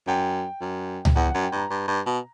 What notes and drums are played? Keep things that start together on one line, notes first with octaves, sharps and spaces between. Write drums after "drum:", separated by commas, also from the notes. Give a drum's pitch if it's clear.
F#2 G5
F#2
drum: tom C#2
E2 F#5
F#2 F#5
G5
G2 A#5
G2
G2
B2